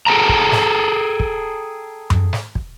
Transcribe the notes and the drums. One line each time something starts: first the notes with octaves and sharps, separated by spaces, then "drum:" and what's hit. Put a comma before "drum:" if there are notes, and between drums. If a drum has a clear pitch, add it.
G#4 A4 G5 A5 A#5
drum: kick
drum: snare
drum: kick
drum: tom F#2
drum: snare
drum: kick